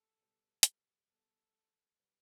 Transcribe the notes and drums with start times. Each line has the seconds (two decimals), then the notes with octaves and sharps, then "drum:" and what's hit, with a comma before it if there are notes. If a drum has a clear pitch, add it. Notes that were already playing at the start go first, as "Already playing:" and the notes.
Already playing: B1 B2 G3 B3 A4
0.18 B1 B2 G3 B3
0.63 drum: hi-hat
1.09 B1 B2 G3 B3 A4
2.00 B2 G3 B3